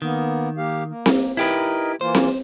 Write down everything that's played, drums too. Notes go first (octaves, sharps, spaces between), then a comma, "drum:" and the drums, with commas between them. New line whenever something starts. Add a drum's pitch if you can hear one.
D#3 A#3 B3
A#3 G4 F5
A#3
drum: snare C4
D#4 E4 G4 A#4 B4 D#5
E3 A#3 F4 C5
drum: snare C4